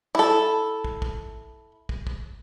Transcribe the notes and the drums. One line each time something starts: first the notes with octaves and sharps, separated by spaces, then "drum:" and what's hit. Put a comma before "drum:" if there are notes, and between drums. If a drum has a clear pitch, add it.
E4 A4
drum: kick
drum: kick
drum: kick
drum: kick